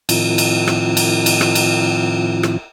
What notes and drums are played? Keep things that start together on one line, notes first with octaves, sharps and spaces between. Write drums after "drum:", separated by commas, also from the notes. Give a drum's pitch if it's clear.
A2 D#3 F3 C4 E4 F4, drum: cymbal
drum: cymbal
drum: rim click
drum: cymbal
drum: cymbal
drum: rim click
drum: cymbal
drum: rim click